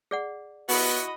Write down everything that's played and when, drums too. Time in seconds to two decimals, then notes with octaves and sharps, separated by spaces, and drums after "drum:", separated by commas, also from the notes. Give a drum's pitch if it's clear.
0.11 G#4 D5 F#5
0.69 B3 E4 F#4 D#5 B5, drum: open hi-hat